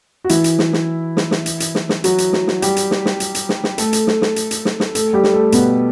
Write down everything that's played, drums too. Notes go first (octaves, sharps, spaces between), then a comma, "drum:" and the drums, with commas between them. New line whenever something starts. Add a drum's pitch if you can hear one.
F#4
E3 E4, drum: hi-hat
drum: hi-hat
drum: snare
drum: snare
drum: snare
drum: snare
drum: hi-hat
drum: hi-hat
drum: snare
drum: snare
F#3 F#4, drum: hi-hat
drum: hi-hat
drum: snare
drum: snare
G3 G4, drum: hi-hat
drum: hi-hat
drum: snare
drum: snare
drum: hi-hat
drum: hi-hat
drum: snare
drum: snare
A3 A4, drum: hi-hat
drum: hi-hat
drum: snare
drum: snare
drum: hi-hat
drum: hi-hat
drum: snare
drum: snare
A3 A4, drum: hi-hat
G3 G4
drum: snare
A3 A4
B2 B3, drum: hi-hat